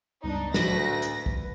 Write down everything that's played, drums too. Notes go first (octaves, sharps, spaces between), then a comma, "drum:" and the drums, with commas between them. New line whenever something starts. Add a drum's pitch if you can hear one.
C#2 G2 B3 D4 D#4
D2 A2 B4 A#6, drum: snare
drum: hi-hat
drum: kick